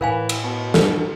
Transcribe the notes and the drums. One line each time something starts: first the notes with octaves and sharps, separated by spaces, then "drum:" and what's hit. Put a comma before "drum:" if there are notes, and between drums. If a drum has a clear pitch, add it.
A2 E3 A#4 F5 G#5
drum: cymbal
B2
drum: snare